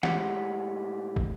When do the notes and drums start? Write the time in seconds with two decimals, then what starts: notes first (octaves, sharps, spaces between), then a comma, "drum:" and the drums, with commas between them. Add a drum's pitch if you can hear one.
0.03 A2 G#3 G4 F#5, drum: snare
1.16 drum: kick